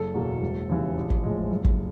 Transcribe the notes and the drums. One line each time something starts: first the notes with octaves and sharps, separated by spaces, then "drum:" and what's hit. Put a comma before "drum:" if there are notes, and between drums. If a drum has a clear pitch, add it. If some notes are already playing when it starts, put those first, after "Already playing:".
Already playing: F#1 A4
E2 B2 F#3 A#3
E1
D#2 C#3 E3
A#1
drum: kick
A2 F3 G#3
F#1
drum: kick